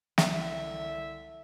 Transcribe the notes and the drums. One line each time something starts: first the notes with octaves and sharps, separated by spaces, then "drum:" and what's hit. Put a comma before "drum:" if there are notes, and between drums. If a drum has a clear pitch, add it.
C2 D3 E5, drum: snare